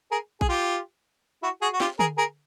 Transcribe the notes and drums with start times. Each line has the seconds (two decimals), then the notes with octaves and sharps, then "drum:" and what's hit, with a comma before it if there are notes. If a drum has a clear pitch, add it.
0.11 G#4 A#4
0.41 G#4, drum: kick A#1
0.49 F4 G4
1.43 E4 F#4
1.62 F#4 G#4
1.73 F#4
1.80 F4 G4, drum: snare
1.99 G#4 A#4, drum: tom D3
2.18 G#4 A#4